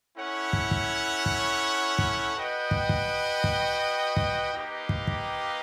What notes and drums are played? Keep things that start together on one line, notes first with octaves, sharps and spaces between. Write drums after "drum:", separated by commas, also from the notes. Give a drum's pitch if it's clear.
C#4 E4 A4 C#5 F#5
drum: kick
drum: kick
drum: kick
drum: kick
F#4 B4 D#5 G5
drum: kick
drum: kick
drum: kick
drum: kick
A#3 D#4 G4 B4
drum: kick
drum: kick